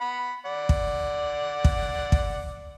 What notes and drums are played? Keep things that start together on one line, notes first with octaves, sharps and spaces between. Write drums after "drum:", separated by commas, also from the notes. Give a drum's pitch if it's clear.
F#5 B5
D5 F#5
drum: kick
drum: kick
drum: kick